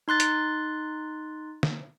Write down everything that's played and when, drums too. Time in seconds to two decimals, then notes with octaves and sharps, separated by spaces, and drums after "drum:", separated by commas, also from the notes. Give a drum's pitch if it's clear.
0.08 D#4 C6 F#6 A6
0.20 drum: hi-hat
1.63 drum: snare